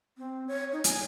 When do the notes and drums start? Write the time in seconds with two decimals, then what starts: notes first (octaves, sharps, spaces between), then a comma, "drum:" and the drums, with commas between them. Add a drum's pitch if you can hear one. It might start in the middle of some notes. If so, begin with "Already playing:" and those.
0.18 C4
0.48 C#5
0.73 D#4
0.84 G#5, drum: hi-hat